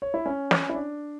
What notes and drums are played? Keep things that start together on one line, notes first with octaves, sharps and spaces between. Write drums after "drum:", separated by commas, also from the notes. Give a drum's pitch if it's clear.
C#5
E4
C#4
drum: snare
E4
D4